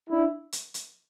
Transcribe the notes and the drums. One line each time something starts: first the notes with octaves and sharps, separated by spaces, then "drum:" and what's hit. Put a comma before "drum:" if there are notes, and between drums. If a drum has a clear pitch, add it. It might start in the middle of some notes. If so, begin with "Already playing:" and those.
D4 E4
drum: hi-hat
drum: hi-hat